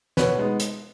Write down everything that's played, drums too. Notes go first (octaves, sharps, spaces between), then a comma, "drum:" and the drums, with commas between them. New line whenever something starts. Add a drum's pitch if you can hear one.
B2 B4 C#5, drum: snare
G#3 B3 D#4
drum: hi-hat